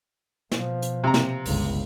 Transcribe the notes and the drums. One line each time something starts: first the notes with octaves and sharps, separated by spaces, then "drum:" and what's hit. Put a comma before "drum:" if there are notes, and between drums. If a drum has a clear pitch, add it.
B2 F3, drum: snare
drum: hi-hat
C3 A#5
drum: snare
G1 C#2, drum: open hi-hat